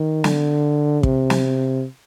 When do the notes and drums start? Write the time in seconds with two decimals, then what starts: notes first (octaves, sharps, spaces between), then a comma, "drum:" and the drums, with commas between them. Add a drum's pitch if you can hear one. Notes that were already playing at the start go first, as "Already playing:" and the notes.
Already playing: D#3
0.24 D3, drum: snare
1.03 C3, drum: kick
1.30 drum: snare